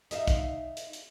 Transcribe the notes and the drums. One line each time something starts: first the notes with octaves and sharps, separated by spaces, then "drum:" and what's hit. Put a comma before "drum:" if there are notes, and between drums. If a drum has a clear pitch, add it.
D#4 E5 F5, drum: hi-hat
drum: kick, hi-hat
drum: hi-hat
drum: hi-hat